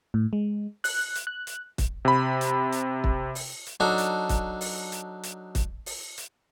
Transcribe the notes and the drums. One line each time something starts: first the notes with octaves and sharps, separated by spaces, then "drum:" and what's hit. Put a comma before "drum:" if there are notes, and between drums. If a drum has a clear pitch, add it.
A2
G#3
F#6, drum: open hi-hat
drum: hi-hat
F#6
drum: hi-hat
drum: kick, hi-hat
C3 B5
drum: hi-hat
drum: hi-hat
drum: kick
drum: open hi-hat
drum: hi-hat
F#3 D4 D#4 A4
drum: hi-hat
drum: kick, hi-hat
drum: open hi-hat
drum: hi-hat
drum: hi-hat
drum: kick, hi-hat
drum: open hi-hat
drum: hi-hat